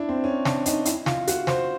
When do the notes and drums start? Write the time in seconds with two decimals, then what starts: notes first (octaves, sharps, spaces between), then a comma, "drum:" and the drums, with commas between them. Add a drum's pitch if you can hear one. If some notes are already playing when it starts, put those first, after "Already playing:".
Already playing: D4 E4
0.09 C4
0.24 C#4
0.45 D4, drum: snare
0.66 D#4, drum: hi-hat
0.85 E4, drum: hi-hat
1.06 F4, drum: snare
1.27 F#4, drum: hi-hat
1.47 C5, drum: snare